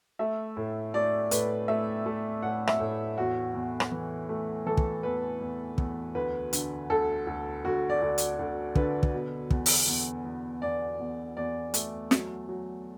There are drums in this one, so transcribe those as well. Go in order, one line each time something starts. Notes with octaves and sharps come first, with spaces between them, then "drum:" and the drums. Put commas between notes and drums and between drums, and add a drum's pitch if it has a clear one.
A3 E5
A2
A3 D5
A2 B4, drum: hi-hat
A3 E5
A3
A2 F#5
E5, drum: rim click
A2
E2 F#4
E2
drum: rim click
E3
A3
E3 A4
drum: kick
E2 B4
E2
E2, drum: kick
D2 B4
D3, drum: hi-hat
D2 A4
D2
D2 F#4
D5
D2
drum: hi-hat
D2
D3 B4, drum: kick
drum: kick
B2
E2, drum: kick
drum: open hi-hat
E2
E2
E2 D5
E2
E2 D5
A3, drum: hi-hat
F#3, drum: snare
F#3